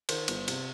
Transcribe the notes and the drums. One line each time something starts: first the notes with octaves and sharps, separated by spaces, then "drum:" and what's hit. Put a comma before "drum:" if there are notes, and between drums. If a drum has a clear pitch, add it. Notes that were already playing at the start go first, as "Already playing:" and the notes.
D#3 C5, drum: cymbal
G1, drum: cymbal
C3, drum: cymbal